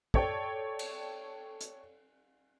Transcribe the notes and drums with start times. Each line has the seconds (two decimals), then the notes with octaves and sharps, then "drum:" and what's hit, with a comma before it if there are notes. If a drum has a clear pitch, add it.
0.14 A4 C#5 D5 G5, drum: kick
0.79 drum: cymbal
1.61 drum: hi-hat